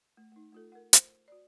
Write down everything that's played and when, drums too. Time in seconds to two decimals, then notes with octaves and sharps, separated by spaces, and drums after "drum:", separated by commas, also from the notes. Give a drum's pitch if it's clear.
0.17 A3
0.32 A3 D#4
0.52 A3 F4 A4
0.72 A#4 F#5
0.93 C5, drum: hi-hat
1.28 F#4 D5